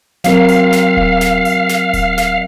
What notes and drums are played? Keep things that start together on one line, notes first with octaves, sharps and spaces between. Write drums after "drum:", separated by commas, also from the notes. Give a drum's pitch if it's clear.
F#3 C4 A#4 F5, drum: snare
drum: hi-hat
drum: snare
drum: kick D#1
drum: snare
drum: hi-hat
drum: snare
drum: kick D#1, hi-hat
drum: snare